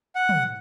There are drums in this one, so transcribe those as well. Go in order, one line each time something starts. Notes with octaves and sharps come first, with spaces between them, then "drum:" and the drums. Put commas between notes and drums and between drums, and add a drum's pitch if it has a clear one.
F#5
drum: tom